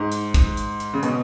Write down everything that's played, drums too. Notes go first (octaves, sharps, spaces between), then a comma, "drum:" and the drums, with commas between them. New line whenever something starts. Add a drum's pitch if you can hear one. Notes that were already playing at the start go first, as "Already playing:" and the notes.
Already playing: G#2
drum: hi-hat
drum: kick, hi-hat
drum: hi-hat
drum: hi-hat
C#3
B2, drum: hi-hat